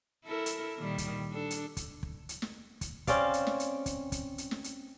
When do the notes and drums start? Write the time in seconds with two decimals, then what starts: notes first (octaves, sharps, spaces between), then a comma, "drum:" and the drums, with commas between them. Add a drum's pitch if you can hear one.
0.25 E4 A4 A#4
0.46 drum: hi-hat
0.77 A#2 D#3 G3
0.98 drum: kick, hi-hat
1.30 D4 A4
1.50 drum: hi-hat
1.77 drum: kick, hi-hat
2.03 drum: kick
2.29 drum: hi-hat
2.42 drum: snare
2.81 drum: kick, hi-hat
3.07 C4 C#4 D5 F5, drum: kick, hi-hat
3.34 drum: hi-hat
3.47 drum: snare
3.60 drum: hi-hat
3.86 drum: kick, hi-hat
4.12 drum: kick, hi-hat
4.38 drum: hi-hat
4.51 drum: snare
4.64 drum: hi-hat